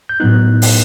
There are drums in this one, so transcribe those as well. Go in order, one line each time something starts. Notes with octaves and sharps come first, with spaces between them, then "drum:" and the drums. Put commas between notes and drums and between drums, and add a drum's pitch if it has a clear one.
G6
A2 F#3 B3 D#4 F#6
drum: open hi-hat